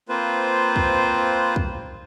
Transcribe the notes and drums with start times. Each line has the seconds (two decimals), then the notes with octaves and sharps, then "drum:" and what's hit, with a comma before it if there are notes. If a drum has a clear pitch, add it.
0.09 A#3 C4 F4 B4 C5
0.76 drum: kick
1.56 drum: kick